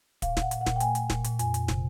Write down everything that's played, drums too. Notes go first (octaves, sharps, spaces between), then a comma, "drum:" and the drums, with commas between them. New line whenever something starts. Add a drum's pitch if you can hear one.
A#2 F5, drum: kick, hi-hat
A#2 F#5, drum: snare
A#2, drum: hi-hat
F#5
A#2, drum: snare
G5
A3 G#5, drum: hi-hat
A#2, drum: hi-hat
A#2, drum: snare
A#2, drum: hi-hat
F2 G#5, drum: hi-hat
F2, drum: hi-hat
C3, drum: snare